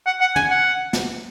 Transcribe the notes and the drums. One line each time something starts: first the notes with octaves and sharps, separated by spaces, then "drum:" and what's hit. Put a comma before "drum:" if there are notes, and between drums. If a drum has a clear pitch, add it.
F#5
F#5
G#5, drum: tom
F#5
drum: snare